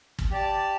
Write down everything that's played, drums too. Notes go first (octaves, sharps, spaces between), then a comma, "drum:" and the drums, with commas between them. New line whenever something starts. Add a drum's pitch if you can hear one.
drum: kick
G4 D5 A5